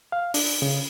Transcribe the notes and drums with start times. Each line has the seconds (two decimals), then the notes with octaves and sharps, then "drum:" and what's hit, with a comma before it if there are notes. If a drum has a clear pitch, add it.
0.12 F5
0.34 D4, drum: open hi-hat
0.62 C#3